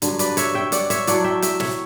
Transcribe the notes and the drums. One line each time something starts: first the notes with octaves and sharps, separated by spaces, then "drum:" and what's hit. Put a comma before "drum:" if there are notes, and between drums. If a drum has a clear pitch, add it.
G2 D3 F#3, drum: hi-hat
B4 D5, drum: hi-hat
C#5 E5, drum: hi-hat
E5 G5
D5 F#5, drum: hi-hat
C#5 E5, drum: hi-hat
A2 F#3 A3 D5 F#5, drum: hi-hat
E5 G5
E5 G5, drum: hi-hat
C#5 E5, drum: snare